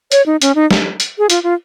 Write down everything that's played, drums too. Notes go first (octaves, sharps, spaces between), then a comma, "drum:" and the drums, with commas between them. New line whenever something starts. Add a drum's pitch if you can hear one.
C#5, drum: hi-hat
D#4
C#4, drum: hi-hat
D#4
drum: snare
drum: hi-hat
G#4
F4, drum: hi-hat
F4